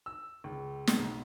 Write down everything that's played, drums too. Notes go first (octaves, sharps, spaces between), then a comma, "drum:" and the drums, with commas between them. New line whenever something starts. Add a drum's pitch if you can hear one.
E6
C#2
drum: snare
B1